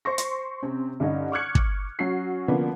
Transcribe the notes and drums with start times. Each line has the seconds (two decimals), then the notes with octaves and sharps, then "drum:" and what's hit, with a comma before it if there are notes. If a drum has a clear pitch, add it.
0.05 C5 C6 C#6 A#6
0.18 drum: hi-hat
0.62 C3 C4 C#4
1.00 G2 D3 C#4 D#4
1.32 C#6 D6 F6 F#6 G#6 C#7
1.55 drum: kick
1.99 F#3 C#4 F#4 C7
2.48 D3 F3 A#3 B3 C#4